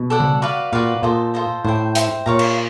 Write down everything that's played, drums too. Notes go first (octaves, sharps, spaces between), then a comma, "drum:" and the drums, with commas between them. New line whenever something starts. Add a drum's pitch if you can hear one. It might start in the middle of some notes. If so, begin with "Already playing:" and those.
Already playing: B2
A4 D5 F#5
drum: tom C#3
F#4 B4 D5 F5
A#2 F#4 B4 D5 F5
A#2 F4 A4 C5 D#5
F4 A4 C5 D#5
A2 C5 E5 G5
C5 E5 G5, drum: hi-hat
A#2 C#5 F5 A#5
drum: cymbal